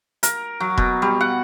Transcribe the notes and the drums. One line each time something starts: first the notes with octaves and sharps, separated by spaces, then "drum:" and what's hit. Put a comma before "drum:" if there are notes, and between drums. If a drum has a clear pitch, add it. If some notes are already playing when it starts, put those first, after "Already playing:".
A#4, drum: hi-hat
F#3
B2, drum: kick E1
G3
F#5